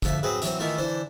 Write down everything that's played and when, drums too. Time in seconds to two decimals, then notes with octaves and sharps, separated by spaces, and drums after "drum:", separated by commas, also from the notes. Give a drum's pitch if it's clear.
0.02 D2 F3 E5, drum: kick, hi-hat
0.23 F#3 C4 G#4 B4
0.42 E3 F#3 C4, drum: hi-hat
0.60 D#3 E3 A3 E4 F4
0.78 D3 E3 D4 C5